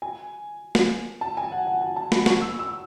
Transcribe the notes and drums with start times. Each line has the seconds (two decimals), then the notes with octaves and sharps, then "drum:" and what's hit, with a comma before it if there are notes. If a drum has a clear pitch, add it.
0.02 G#5
0.75 drum: snare
1.21 A5
1.37 G#5
1.52 F#5
1.67 F#5
1.82 G#5
1.96 A5
2.12 B5, drum: snare
2.26 C#6, drum: snare
2.41 E6
2.59 E6